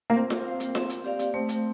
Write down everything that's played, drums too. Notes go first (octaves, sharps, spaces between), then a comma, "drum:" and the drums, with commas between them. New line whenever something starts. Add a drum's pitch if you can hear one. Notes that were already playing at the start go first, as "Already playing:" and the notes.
A#3
C4 F4
drum: snare F4
C5 F5
drum: hi-hat
C4, drum: snare F4
drum: hi-hat
G4 D5 F5
drum: hi-hat
A3 C4
drum: hi-hat